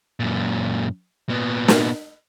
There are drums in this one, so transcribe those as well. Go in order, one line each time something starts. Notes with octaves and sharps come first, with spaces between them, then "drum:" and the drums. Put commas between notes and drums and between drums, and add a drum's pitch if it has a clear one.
F#2 A#2
A#2 B3
drum: snare